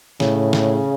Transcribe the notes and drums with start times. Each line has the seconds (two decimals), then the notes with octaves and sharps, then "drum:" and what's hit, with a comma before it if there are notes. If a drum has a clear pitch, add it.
0.20 A2 C#3, drum: snare
0.53 drum: snare